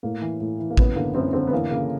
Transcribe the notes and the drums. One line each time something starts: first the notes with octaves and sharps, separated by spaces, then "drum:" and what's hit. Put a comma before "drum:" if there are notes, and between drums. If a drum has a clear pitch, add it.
A2 A#3
E3
A2
E3
A#3
F#2 B3, drum: kick A1
D3 A#3
F#2 C4
D3 C4
B3
E3 A#3
C#3 A#3